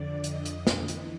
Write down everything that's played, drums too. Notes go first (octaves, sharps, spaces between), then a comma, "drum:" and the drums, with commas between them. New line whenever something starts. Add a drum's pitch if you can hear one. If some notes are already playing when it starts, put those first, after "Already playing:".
Already playing: F2 D3 D5
F2 D3 D#5, drum: hi-hat
drum: hi-hat
drum: snare
E3, drum: hi-hat